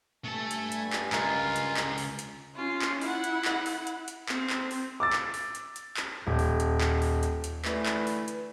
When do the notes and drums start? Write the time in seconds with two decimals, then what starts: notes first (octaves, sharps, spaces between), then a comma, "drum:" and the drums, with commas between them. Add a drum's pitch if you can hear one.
0.25 G2 A3 A4 G#5 A5
0.51 drum: hi-hat
0.72 drum: hi-hat
0.93 drum: clap
1.13 C#2 F4 A#4 D#5 A#5, drum: clap
1.56 drum: hi-hat
1.77 drum: clap
1.98 drum: open hi-hat
2.19 drum: hi-hat
2.55 C#4 F4
2.82 drum: clap
3.01 E4 F#5, drum: open hi-hat
3.24 drum: hi-hat
3.45 drum: clap
3.66 drum: open hi-hat
3.87 drum: hi-hat
4.08 drum: hi-hat
4.29 C4, drum: clap
4.50 drum: clap
4.71 drum: open hi-hat
5.00 D6 E6 A6
5.13 drum: clap
5.34 drum: open hi-hat
5.55 drum: hi-hat
5.76 drum: hi-hat
5.97 drum: clap
6.27 D#1
6.39 drum: open hi-hat
6.60 drum: hi-hat
6.81 drum: clap
7.02 drum: open hi-hat
7.23 drum: hi-hat
7.44 drum: hi-hat
7.65 D3 E3 A3 B4, drum: clap
7.86 drum: clap
8.07 drum: open hi-hat
8.28 drum: hi-hat